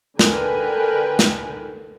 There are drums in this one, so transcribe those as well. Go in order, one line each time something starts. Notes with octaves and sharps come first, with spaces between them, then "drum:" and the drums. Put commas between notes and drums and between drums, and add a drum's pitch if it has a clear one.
D3 A#4 B4 G5 G#5, drum: snare
drum: snare